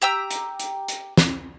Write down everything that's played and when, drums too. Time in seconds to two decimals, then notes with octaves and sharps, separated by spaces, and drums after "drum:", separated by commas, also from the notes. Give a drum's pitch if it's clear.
0.02 G4 G5 A#5 E6
0.31 drum: hi-hat
0.60 drum: hi-hat
0.88 drum: hi-hat
1.17 drum: snare